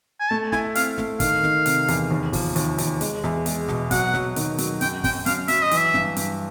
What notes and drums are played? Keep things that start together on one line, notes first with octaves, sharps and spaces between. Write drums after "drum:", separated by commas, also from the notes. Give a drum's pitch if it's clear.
G#5
A3 A5
E4 G#5, drum: snare
C4 F5, drum: hi-hat
A3, drum: snare
D#3 F5, drum: kick, hi-hat
D#3, drum: snare
C3, drum: hi-hat
E2, drum: hi-hat
D#2
F3, drum: kick, open hi-hat
D#2, drum: hi-hat
D#2, drum: hi-hat
G#3, drum: hi-hat
E2, drum: snare
G#3, drum: hi-hat
B2, drum: snare
F#3 F#5, drum: kick, hi-hat
F#3, drum: snare
D#3, drum: hi-hat
F#3, drum: hi-hat
F#2 G5, drum: hi-hat
F#2 G5, drum: kick, open hi-hat
F#2 F5, drum: hi-hat
F#3 E5, drum: hi-hat
D#5
E3, drum: hi-hat
E5
G2, drum: snare
G2, drum: hi-hat